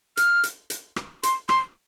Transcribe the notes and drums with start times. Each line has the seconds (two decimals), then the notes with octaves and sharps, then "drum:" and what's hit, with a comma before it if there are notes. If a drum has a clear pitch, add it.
0.17 F6, drum: hi-hat
0.43 drum: hi-hat
0.70 drum: hi-hat
0.96 drum: rim click
1.23 C6, drum: hi-hat
1.49 C6, drum: rim click